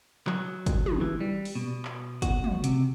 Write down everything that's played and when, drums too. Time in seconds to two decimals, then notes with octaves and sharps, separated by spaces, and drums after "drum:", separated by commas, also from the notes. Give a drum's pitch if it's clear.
0.27 F#3, drum: clap
0.66 drum: kick, hi-hat
0.86 drum: tom
1.01 E3
1.21 G3
1.45 drum: open hi-hat
1.55 B2
1.85 drum: clap
2.22 F#4, drum: kick, hi-hat
2.44 drum: tom
2.64 C3, drum: hi-hat